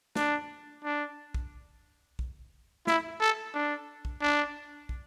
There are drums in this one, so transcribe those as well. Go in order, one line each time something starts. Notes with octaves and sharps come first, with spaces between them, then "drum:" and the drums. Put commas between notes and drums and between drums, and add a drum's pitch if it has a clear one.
D4, drum: snare
D4
drum: kick
drum: kick
E4, drum: snare
A4
D4
drum: kick
D4
drum: kick